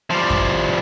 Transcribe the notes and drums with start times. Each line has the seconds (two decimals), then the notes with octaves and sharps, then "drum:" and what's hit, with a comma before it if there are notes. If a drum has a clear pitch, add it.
0.10 F3 G3
0.30 drum: kick F#2